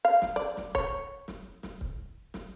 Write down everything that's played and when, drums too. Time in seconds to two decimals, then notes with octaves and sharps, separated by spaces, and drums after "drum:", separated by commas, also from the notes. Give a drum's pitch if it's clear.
0.05 F5
0.22 drum: snare
0.36 D5
0.57 drum: snare
0.75 C#5, drum: kick C#1
1.28 drum: snare
1.63 drum: snare
1.81 drum: kick C#1
2.34 drum: snare